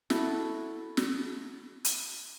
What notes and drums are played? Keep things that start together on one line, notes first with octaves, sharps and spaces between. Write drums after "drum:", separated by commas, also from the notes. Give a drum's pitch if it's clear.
E4 F#4 A4, drum: snare
drum: snare
drum: hi-hat